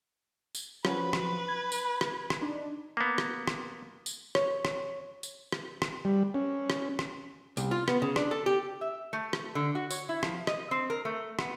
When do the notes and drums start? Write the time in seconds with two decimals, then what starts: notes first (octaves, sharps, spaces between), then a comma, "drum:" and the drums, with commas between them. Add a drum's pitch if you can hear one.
0.55 drum: tambourine
0.85 F3 F#3 C#4 B4, drum: rim click
1.13 drum: rim click
1.48 G#6
1.72 drum: tambourine
2.01 drum: rim click
2.30 drum: rim click
2.41 D4 D#4
2.97 A#3 B3
3.18 drum: rim click
3.47 drum: rim click
4.06 drum: tambourine
4.35 C#5, drum: rim click
4.65 drum: rim click
5.23 drum: tambourine
5.52 drum: rim click
5.82 drum: rim click
6.05 G3
6.34 C#4
6.70 drum: rim click
6.99 drum: rim click
7.57 C2, drum: tambourine
7.71 F4
7.88 B3, drum: rim click
8.02 C#3
8.16 D4, drum: rim click
8.31 A4
8.46 G4
8.81 E5
9.13 A3
9.33 drum: rim click
9.55 D3
9.75 F#4
9.91 C#5, drum: tambourine
10.09 E4
10.23 F3, drum: rim click
10.47 D#5, drum: rim click
10.71 C4
10.90 A#4
11.05 A3
11.39 B3, drum: rim click